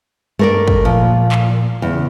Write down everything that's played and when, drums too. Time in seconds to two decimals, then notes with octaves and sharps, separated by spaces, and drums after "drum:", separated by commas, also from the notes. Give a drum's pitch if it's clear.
0.39 G2 A3 A#4 D5
0.68 drum: kick
0.85 A#2 F3
1.32 drum: clap
1.82 E2 C#3